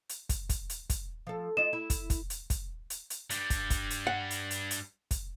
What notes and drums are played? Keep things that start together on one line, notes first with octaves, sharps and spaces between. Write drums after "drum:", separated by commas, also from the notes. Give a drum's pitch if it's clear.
drum: hi-hat
drum: kick, hi-hat
drum: kick, hi-hat
drum: hi-hat
drum: kick, hi-hat
F3 A4
F4 D#5 E7
E4
drum: kick, hi-hat
drum: kick, hi-hat
drum: hi-hat
drum: kick, hi-hat
drum: hi-hat
drum: hi-hat
G2 G3, drum: hi-hat
drum: kick, hi-hat
drum: kick, hi-hat
drum: hi-hat
F#5
drum: hi-hat
drum: hi-hat
drum: hi-hat
drum: kick, hi-hat